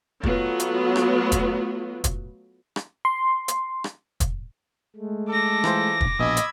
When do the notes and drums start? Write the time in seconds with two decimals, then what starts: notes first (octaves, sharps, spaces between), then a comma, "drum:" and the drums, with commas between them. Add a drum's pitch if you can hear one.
0.23 F#3 A3 B3 F4, drum: kick
0.60 drum: hi-hat
0.96 drum: rim click
1.32 drum: kick, hi-hat
2.04 drum: kick, hi-hat
2.76 drum: rim click
3.05 C6
3.48 drum: hi-hat
3.84 drum: rim click
4.20 drum: kick, hi-hat
4.96 G#3 A3
5.29 A4 D6 A#6
5.64 E3 F4 C5, drum: rim click
6.01 drum: kick
6.19 A#1 B2 D#5 B5 E6 G#6
6.37 drum: hi-hat